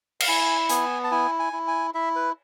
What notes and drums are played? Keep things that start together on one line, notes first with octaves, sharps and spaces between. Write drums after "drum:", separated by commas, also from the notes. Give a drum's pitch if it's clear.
F5, drum: cymbal
E4 G#5
B3 G#5, drum: hi-hat
A5
E4 G#5
G#5
E4
G#5
E4 E5
B4